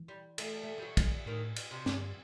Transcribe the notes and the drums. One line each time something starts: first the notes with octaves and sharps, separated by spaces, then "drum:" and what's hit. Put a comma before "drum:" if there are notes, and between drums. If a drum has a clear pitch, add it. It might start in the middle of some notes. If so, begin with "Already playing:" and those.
Already playing: E3
G3
A3, drum: cymbal
A3
G3
F#3
drum: kick, cymbal
A2 D#3
drum: cymbal
C3
G2, drum: snare